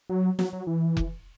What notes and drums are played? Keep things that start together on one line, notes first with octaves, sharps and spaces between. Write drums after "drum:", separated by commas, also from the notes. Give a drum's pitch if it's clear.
F#3
F#3, drum: snare
F#3
E3
drum: kick F1